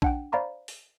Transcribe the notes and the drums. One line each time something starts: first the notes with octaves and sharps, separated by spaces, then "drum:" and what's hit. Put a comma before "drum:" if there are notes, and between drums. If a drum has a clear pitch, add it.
D4 F#5 G5, drum: kick A#1
C5 D5 F5 A#5 B5 C#6
drum: open hi-hat